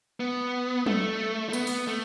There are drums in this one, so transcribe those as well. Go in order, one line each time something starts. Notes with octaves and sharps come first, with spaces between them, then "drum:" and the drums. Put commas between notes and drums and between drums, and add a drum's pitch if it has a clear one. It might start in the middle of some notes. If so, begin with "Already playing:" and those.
B3
A3, drum: tom F#3
A3
B3, drum: tambourine
drum: open hi-hat
A3